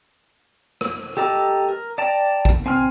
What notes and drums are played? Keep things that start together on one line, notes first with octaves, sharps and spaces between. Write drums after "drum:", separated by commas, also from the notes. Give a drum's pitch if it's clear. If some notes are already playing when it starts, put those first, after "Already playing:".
drum: rim click
G4 A4 D#5 A#5 D6
A#4
D5 G5 A5 A#5
drum: kick
C4 G#5 C6 F6